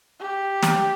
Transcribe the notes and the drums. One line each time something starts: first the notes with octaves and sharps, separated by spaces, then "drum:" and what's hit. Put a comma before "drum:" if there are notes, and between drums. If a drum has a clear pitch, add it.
G4
drum: snare